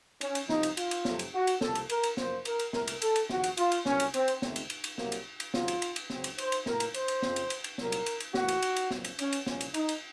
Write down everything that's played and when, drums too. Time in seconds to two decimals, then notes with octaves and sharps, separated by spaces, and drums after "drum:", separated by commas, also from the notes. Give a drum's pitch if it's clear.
0.21 C#4, drum: cymbal
0.35 drum: cymbal
0.49 C2 C3 F3 D#4, drum: snare
0.63 drum: cymbal
0.77 F4, drum: cymbal
0.91 drum: cymbal
1.05 F2 C3 F#3 A3, drum: snare
1.19 drum: cymbal
1.33 F#4
1.47 drum: cymbal
1.61 C2 C3 F3 A#3 A4, drum: snare
1.75 drum: cymbal
1.89 A#4, drum: cymbal
2.03 drum: cymbal
2.17 F#2 F3 A#3 C5, drum: snare
2.45 A#4, drum: cymbal
2.59 drum: cymbal
2.73 C2 A#2 A3 A#4, drum: snare
2.87 drum: cymbal
3.02 A4, drum: cymbal
3.16 drum: cymbal
3.30 D#2 C#3 F3 F#4, drum: snare
3.44 drum: cymbal
3.57 F4, drum: cymbal
3.72 drum: cymbal
3.85 C2 A#2 F#3 C#4, drum: snare
4.00 drum: cymbal
4.14 C4, drum: cymbal
4.28 drum: cymbal
4.42 C#2 C3 D#3 A3 C4, drum: snare
4.56 drum: cymbal
4.70 drum: cymbal
4.84 drum: cymbal
4.98 C2 C3 F#3 A#3, drum: snare
5.12 drum: cymbal
5.40 drum: cymbal
5.54 D#2 C#3 F#3 C4 F4, drum: snare
5.68 drum: cymbal
5.82 drum: cymbal
5.96 drum: cymbal
6.10 C#2 C#3 F#3 C4, drum: snare
6.24 drum: cymbal
6.38 C5, drum: cymbal
6.52 drum: cymbal
6.66 A2 F#3 A#3 A#4, drum: snare
6.80 drum: cymbal
6.94 C5, drum: cymbal
7.08 drum: cymbal
7.22 F2 C#3 F3 C4, drum: snare
7.36 drum: cymbal
7.50 drum: cymbal
7.64 drum: cymbal
7.78 C2 A#2 F#3 A#4, drum: snare
7.92 drum: cymbal
8.06 drum: cymbal
8.20 drum: cymbal
8.34 A1 A2 F3 A#3 F#4, drum: snare
8.48 drum: cymbal
8.62 drum: cymbal
8.76 drum: cymbal
8.91 A#1 A#2 F#3 C4, drum: snare
9.04 drum: cymbal
9.19 C#4, drum: cymbal
9.33 drum: cymbal
9.47 C2 A#2 F3 C#4, drum: snare
9.61 drum: cymbal
9.74 D#4, drum: cymbal
9.89 drum: cymbal